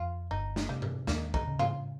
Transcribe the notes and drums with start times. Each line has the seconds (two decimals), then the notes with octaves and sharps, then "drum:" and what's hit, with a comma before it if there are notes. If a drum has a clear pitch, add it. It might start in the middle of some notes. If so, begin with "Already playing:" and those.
Already playing: F2 F4
0.31 G1 D#4
0.56 drum: snare
0.69 C3 G3
0.82 drum: tom G2
1.07 D#2 A#3, drum: snare
1.34 D#4, drum: kick
1.47 C#3
1.59 F4, drum: tom G#2